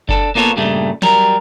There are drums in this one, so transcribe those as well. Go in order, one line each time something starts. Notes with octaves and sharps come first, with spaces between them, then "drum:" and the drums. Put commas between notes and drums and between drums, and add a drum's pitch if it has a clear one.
D4 A4, drum: kick F#1
A#3 B3 F4 A4 C#5
G2 A#2 C#3 G3 A3
F#3 G3 A#4, drum: snare